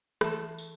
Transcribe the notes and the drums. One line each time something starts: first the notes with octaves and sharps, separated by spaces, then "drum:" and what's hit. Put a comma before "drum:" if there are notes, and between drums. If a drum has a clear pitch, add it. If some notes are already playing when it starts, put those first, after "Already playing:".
E3 A3, drum: rim click
drum: tambourine